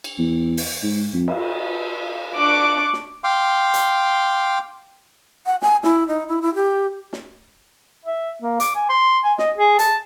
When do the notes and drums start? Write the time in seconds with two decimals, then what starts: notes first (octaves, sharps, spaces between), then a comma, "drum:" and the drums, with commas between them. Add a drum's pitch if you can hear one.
0.04 drum: cymbal
0.18 E2
0.57 drum: open hi-hat
0.83 G#2
1.13 F2
1.28 drum: cymbal
2.37 D4 C#6 D6 F#6
2.93 drum: snare
3.24 F5 G5 C6 D6
3.74 drum: hi-hat
5.46 F#5
5.62 G#5, drum: snare
5.83 E4, drum: snare
6.08 D#4
6.28 E4
6.42 E4
6.54 G4
7.13 drum: snare
8.05 E5
8.42 A#3
8.60 D6, drum: hi-hat
8.76 G#5
8.89 C6
9.24 G#5
9.38 D#5, drum: snare
9.57 G#4
9.79 A5, drum: hi-hat